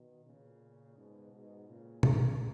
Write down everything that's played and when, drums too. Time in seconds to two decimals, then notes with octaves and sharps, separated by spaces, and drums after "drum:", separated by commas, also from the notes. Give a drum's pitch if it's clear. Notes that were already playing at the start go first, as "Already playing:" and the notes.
Already playing: B2 D#3
0.25 A#2 C#3
0.96 G#2 B2
1.32 G#2 B2
1.67 A#2 C#3
2.03 A#2 C#3, drum: tom